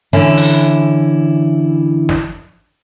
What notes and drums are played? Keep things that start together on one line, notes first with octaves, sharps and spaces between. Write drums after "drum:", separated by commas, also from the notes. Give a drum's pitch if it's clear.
D3 E3 C#4 E4
drum: open hi-hat
drum: snare